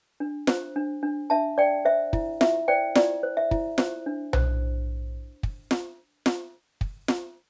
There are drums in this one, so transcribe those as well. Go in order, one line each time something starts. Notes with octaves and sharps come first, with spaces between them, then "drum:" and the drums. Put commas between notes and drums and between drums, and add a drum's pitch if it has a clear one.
D4
C5, drum: snare F4
D4
D4
D4 E5 A5
D4 D5 G5
C5 E5
E4, drum: kick
E4 E5, drum: snare F4
C5 D5 G5
E4 D5, drum: snare F4
C5
E5
E4, drum: kick
C5, drum: snare F4
D4
C5, drum: tom B1
drum: kick
drum: snare F4
drum: snare F4
drum: kick
drum: snare F4